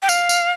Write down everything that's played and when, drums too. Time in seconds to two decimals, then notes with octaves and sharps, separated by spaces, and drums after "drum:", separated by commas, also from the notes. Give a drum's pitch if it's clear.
0.02 G5
0.09 F5, drum: tambourine
0.29 drum: tambourine